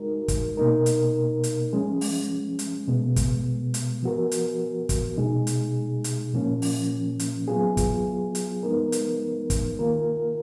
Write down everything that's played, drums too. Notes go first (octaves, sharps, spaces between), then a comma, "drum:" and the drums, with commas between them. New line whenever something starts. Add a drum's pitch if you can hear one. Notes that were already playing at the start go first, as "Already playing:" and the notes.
Already playing: G#3 D#4 F#4 A#4
drum: kick, hi-hat
B2 A#3 D#4 A#4
drum: hi-hat
drum: hi-hat
F3 G#3 C#4
drum: open hi-hat
drum: hi-hat
B2 G#3 B3
drum: kick, hi-hat
drum: hi-hat
F3 B3 F#4 A#4
drum: hi-hat
drum: kick, hi-hat
B2 G#3 D#4 G#4
drum: hi-hat
drum: hi-hat
A#2 F3 A#3 C#4
drum: open hi-hat
drum: hi-hat
F#3 B3 F4 G#4
drum: kick, hi-hat
drum: hi-hat
F3 G#3 B3 D#4 A#4
drum: hi-hat
drum: kick, hi-hat
D#3 A#3 F4 A#4